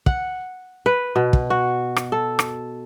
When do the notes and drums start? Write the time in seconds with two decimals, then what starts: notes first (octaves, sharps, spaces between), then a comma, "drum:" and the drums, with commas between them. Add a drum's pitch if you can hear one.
0.06 F#5, drum: kick
0.86 B4
1.16 B2
1.33 drum: kick
1.50 F#4
1.96 drum: rim click
2.12 A4
2.39 drum: rim click